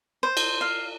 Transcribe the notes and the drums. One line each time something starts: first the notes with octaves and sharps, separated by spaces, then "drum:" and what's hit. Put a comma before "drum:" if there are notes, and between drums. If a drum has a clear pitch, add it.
C5
drum: cymbal
F5